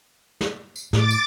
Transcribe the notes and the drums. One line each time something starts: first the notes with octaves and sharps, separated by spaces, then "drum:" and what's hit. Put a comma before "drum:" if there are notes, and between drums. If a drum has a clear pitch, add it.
drum: snare
drum: tambourine
A2 D6 A6, drum: snare
drum: tambourine